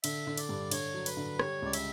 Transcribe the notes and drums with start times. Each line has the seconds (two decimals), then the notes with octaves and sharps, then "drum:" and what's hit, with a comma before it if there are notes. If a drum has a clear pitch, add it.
0.04 D3 E5, drum: cymbal
0.27 D3
0.37 D5, drum: cymbal
0.49 G2
0.71 D3 C#5, drum: cymbal
0.94 F#3
1.06 B4, drum: cymbal
1.17 D3
1.39 G3 C#5, drum: rim click
1.62 C#2 D5
1.73 E5, drum: cymbal